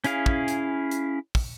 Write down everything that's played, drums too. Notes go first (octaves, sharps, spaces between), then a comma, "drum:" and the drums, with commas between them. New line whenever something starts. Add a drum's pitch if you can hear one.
C#4 E4 G#4 F5, drum: hi-hat
drum: kick
drum: hi-hat
drum: hi-hat
drum: kick, open hi-hat